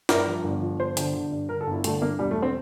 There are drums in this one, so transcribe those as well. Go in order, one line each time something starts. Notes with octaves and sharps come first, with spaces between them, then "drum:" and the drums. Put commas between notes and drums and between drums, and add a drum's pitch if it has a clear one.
G2 A#4, drum: snare
F3
G1
F3
G1 C5
D3, drum: hi-hat
D3
G2
D3 A#4
A4
G1
E4
D3 A3, drum: hi-hat
G1 A#3
E1 G3
A3
C4